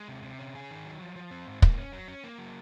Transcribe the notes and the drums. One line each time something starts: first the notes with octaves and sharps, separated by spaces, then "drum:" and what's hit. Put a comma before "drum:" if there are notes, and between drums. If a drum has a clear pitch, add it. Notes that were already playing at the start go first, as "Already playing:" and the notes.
Already playing: G#3
C3
C3
C#4
G#4
D#3
F#3
F3
F3
C4
G#2
A#3, drum: kick
C#4
F#3
C#4
A#3
F#3